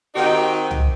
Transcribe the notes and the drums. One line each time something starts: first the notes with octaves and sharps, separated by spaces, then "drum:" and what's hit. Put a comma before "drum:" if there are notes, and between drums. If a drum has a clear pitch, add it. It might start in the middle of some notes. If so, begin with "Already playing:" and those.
D#3 C4 D#4 F#4 G4
drum: tom